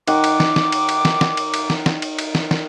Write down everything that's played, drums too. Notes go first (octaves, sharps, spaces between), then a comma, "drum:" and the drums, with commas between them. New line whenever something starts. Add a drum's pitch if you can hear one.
D#3 F#5 D6, drum: cymbal
drum: cymbal
drum: snare
drum: snare
drum: cymbal
drum: cymbal
drum: snare
drum: snare
drum: cymbal
drum: cymbal
drum: snare
drum: snare
drum: cymbal
drum: cymbal
drum: snare
drum: snare